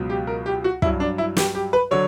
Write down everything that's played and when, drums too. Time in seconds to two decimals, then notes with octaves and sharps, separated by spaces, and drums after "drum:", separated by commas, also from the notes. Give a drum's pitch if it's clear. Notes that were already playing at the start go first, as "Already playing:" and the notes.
Already playing: C#2 B2 F#3
0.10 G4
0.27 A#4
0.46 G4
0.64 F#4
0.82 G2 F#3 E4, drum: kick
1.00 D4
1.18 E4
1.37 G4, drum: snare
1.55 G4
1.73 B4
1.91 D3 F#3 C#5